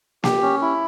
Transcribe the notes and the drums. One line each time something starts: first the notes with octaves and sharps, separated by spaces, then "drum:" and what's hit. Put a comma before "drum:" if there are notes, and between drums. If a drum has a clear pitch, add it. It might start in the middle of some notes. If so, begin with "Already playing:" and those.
G4, drum: snare A#3
C#4
E4